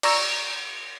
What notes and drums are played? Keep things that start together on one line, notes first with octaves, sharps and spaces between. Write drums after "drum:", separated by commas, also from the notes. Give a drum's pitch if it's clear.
D5 A#5 C#6 E6 A#6, drum: cymbal